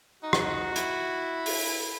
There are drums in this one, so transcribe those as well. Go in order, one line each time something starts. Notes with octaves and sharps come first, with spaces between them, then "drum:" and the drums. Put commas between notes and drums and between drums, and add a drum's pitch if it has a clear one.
D#4 F#4
drum: rim click
E4, drum: hi-hat
drum: open hi-hat